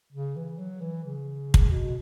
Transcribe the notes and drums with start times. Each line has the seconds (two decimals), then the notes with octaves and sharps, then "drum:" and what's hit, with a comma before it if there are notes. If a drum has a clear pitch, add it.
0.13 C#3
0.36 E3
0.58 F#3
0.81 E3
1.03 C#3
1.54 drum: kick
1.71 B2